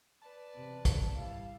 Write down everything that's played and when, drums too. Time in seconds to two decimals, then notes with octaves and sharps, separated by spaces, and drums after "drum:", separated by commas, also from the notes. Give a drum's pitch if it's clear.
0.22 B4 D5 A5
0.54 E2 C3
0.85 drum: kick, hi-hat
1.15 G3 E4 F5